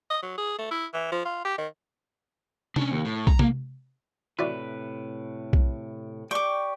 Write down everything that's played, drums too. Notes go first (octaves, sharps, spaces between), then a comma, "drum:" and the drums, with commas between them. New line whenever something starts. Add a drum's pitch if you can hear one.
D#5
F#3
G#4
A3
E4
E3
F3
F4
G4
D#3
C#4 D4, drum: tom C3
D#2
A2
A#5, drum: kick B1
A#3, drum: tom C3
A2 C3 E4 F#4 B4 D5
drum: kick B1
G4 D5 G5 C#6 D6